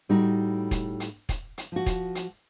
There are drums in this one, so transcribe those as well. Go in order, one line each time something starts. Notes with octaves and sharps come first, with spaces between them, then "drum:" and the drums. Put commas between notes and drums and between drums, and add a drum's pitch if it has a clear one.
A2 G3 A3 D#4 F#4
drum: kick, hi-hat
drum: hi-hat
drum: kick, hi-hat
drum: hi-hat
F3 F#4
drum: kick, hi-hat
drum: hi-hat